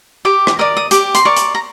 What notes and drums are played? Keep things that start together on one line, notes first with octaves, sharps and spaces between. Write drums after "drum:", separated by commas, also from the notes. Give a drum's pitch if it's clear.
G4 D6
drum: rim click
A#4 D5 D#6
D#6
G4 D6, drum: hi-hat
C6, drum: hi-hat
A#4 D5 C#6
drum: hi-hat
A#5